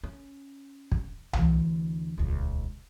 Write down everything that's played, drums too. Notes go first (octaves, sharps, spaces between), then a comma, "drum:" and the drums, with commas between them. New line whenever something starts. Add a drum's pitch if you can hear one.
C#4
drum: kick
D2 E3, drum: tom C2
D#1 C#2